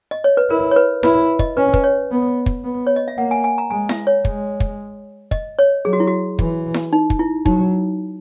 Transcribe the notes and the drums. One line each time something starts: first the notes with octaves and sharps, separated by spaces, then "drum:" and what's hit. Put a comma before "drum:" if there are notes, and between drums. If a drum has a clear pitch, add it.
D#5
C#5
B4
E4 A#4
C#5
B4
E4 B4, drum: snare E4
D#5, drum: kick
C#4 B4
B4, drum: kick
C#5
B3
drum: kick
B3
C#5
D#5
E5
A#3 F#5
G#5
G#5
A#5
G#3 G#5
E5, drum: snare E4
C#5
G#3, drum: kick
drum: kick
D#5, drum: kick
C#5
F#3 G#4
F#4
E4
F#4
E3, drum: kick
drum: snare E4
D#4
drum: kick
E4
F#3 D#4, drum: kick